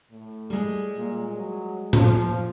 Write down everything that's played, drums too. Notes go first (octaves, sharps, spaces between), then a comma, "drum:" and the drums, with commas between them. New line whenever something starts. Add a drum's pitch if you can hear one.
A2
G3 G#3
A#2
F#3
F3, drum: tom A2